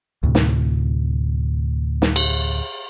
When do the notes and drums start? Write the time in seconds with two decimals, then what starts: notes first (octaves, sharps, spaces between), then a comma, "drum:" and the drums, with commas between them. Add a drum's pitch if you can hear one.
0.23 D2 A2 C3
0.35 drum: snare
2.02 drum: snare
2.16 drum: cymbal